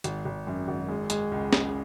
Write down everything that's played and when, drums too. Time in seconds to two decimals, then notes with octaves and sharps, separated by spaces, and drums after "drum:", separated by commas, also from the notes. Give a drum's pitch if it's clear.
0.04 G#1, drum: hi-hat
0.25 G#1
0.47 F#2
0.68 G#1
0.89 G#3
1.10 G#3, drum: hi-hat
1.32 C#2
1.53 C#3, drum: snare